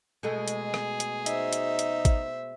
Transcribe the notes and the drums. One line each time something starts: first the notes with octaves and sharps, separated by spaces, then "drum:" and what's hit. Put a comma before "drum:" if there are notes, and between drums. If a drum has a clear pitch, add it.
B2 G#3 A3 G#4
drum: hi-hat
drum: rim click
drum: hi-hat
D#4 C5 E5, drum: hi-hat
drum: hi-hat
drum: hi-hat
drum: kick A1, hi-hat